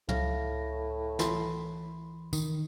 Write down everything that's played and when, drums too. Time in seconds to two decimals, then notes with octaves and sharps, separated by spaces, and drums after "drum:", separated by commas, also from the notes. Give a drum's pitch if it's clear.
0.09 C#2 A2 F5 A#6, drum: tom
1.19 E3 B5 C6, drum: snare
2.33 D#3, drum: tambourine